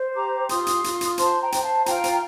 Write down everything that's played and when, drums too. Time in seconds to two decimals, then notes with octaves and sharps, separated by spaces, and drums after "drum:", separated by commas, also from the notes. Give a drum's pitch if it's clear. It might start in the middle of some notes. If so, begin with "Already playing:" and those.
Already playing: C5
0.15 G4 A#5 D6
0.49 F4 C6 D#6, drum: hi-hat
0.67 drum: hi-hat
0.84 F4, drum: hi-hat
1.01 drum: hi-hat
1.18 C5 A5 C6, drum: hi-hat
1.41 G5 A#5
1.52 C5, drum: hi-hat
1.63 F5 A5
1.86 F4 G5 A#5, drum: hi-hat
2.04 drum: hi-hat